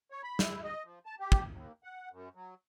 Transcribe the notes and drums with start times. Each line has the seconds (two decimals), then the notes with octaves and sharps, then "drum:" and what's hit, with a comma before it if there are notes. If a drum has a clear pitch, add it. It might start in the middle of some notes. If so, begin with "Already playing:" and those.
0.11 C#5
0.23 B5
0.39 E4, drum: snare
0.64 D#5
0.85 F3
1.06 A5
1.20 G4
1.32 drum: kick
1.53 D#2
1.84 F#5
2.12 F#2
2.35 F#3